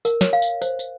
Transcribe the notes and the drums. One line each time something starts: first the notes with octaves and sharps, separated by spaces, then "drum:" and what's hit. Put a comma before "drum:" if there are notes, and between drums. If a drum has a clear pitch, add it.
A#4, drum: tambourine
C#5, drum: snare
F5
drum: tambourine
C5, drum: tambourine
drum: tambourine